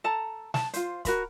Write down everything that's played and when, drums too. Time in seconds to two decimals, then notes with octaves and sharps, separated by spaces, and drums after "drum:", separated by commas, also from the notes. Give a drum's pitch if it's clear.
0.04 A4 A5 A#5
0.54 A5, drum: snare
0.73 F4 C5, drum: hi-hat
1.05 F#4 A#4 B5, drum: kick, hi-hat